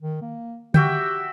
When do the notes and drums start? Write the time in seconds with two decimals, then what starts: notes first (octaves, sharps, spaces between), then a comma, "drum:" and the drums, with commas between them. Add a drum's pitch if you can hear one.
0.02 D#3
0.21 A#3
0.74 F#4 G4 E5 G5, drum: tom D3